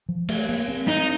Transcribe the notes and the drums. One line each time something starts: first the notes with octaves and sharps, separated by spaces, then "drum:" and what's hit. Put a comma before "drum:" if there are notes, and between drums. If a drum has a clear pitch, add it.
F3
A3, drum: cymbal
A#3
C4
C4 D#4